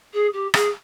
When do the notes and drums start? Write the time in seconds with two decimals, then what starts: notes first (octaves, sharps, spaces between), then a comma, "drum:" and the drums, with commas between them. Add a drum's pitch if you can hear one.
0.13 G#4
0.33 G4
0.54 G#4, drum: rim click